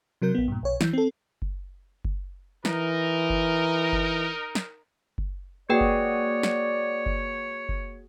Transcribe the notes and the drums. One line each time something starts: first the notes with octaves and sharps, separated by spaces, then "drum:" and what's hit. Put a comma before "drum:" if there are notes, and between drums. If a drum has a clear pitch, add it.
C3 F#3 A#4 G6
A#1 B3
G2 A#2
B1 C#5
E3 G6, drum: snare
C4 A4
drum: kick F#1
drum: kick F#1
E3 D#4 A#4, drum: snare
drum: kick F#1
drum: kick F#1
drum: snare
drum: kick F#1
A#3 F#4 G#4 B4 C#5 D5 G5
drum: kick F#1
drum: snare
drum: kick F#1
drum: kick F#1